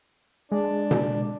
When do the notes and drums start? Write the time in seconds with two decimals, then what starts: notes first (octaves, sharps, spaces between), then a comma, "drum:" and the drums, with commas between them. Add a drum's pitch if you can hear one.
0.52 G#3 D4 D5
0.91 drum: tom B2